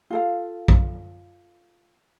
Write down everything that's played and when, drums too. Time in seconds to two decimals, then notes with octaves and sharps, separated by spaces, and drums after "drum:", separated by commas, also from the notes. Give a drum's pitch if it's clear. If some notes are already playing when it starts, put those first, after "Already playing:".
0.10 F4 A4 F5
0.68 drum: kick